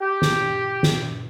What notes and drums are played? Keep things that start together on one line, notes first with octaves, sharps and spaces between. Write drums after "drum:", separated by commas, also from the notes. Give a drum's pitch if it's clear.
G4
drum: snare
drum: snare